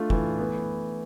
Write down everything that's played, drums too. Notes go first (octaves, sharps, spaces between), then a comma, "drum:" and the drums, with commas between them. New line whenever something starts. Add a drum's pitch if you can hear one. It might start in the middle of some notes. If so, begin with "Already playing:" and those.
Already playing: A3 D4 F4
E3, drum: kick
B3